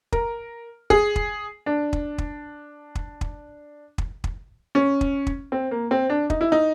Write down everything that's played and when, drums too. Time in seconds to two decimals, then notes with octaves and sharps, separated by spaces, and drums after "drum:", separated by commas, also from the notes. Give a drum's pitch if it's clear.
0.12 A#4, drum: kick
0.90 G#4, drum: kick
1.16 drum: kick
1.66 D4
1.93 drum: kick
2.18 drum: kick
2.95 drum: kick
3.21 drum: kick
3.98 drum: kick
4.24 drum: kick
4.75 C#4
5.01 drum: kick
5.27 drum: kick
5.52 C4
5.71 A#3
5.91 C4
6.10 D4
6.30 D#4, drum: kick
6.41 E4
6.52 D#4